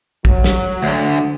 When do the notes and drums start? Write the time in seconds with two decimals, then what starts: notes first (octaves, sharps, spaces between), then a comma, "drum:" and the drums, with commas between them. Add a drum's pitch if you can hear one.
0.25 F#3, drum: kick
0.44 drum: snare
0.83 D2 D3